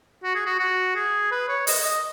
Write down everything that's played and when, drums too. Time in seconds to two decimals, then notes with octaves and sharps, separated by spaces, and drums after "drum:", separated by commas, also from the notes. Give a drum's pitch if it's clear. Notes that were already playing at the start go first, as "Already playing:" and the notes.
0.24 F#4
0.35 G#4
0.46 F#4
0.59 F#4
0.96 G#4
1.31 B4
1.48 C#5
1.67 D#5, drum: open hi-hat
1.85 D#5